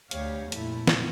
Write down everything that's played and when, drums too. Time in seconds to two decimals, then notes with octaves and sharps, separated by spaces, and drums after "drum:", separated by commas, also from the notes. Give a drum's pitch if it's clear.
0.11 D2 G4 C#5 F5, drum: hi-hat
0.52 F2 A#2 A3 E4, drum: hi-hat
0.87 drum: snare